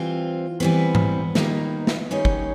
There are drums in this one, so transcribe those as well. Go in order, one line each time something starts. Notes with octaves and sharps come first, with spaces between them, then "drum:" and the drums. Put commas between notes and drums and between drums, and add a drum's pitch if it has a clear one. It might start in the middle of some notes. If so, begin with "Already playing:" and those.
Already playing: E3 G3 C4 F4
E3 G3 B3 C4 B4
drum: tom G#2
D#3 G3 A#3 D#4, drum: snare
drum: snare
D#3 G3 A#3 C#4 D#4 C#5
drum: kick